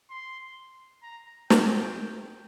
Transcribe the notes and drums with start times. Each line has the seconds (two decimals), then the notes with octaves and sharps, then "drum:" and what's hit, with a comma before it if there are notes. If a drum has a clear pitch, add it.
0.10 C6
1.03 A#5
1.50 G5, drum: snare